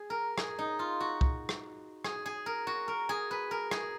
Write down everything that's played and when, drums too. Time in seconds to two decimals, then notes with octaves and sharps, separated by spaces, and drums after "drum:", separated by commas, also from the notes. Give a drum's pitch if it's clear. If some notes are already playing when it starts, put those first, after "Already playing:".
Already playing: G#4
0.10 A#4
0.38 G#4, drum: rim click
0.59 D#4
0.79 F4
1.00 F#4
1.21 drum: kick C2
1.49 drum: rim click
2.04 G#4, drum: rim click
2.26 G#4
2.46 A#4
2.67 F#4
2.88 A#4
3.09 G#4
3.31 B4
3.51 A#4
3.71 G#4, drum: rim click